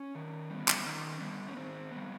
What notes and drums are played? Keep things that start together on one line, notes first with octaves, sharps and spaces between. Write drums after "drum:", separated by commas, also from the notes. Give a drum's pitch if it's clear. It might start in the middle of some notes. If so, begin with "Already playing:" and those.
Already playing: C#4
D#3
G3 B3
drum: clap
D#3
G3 B3
C#4
D#3 C4
G3 B3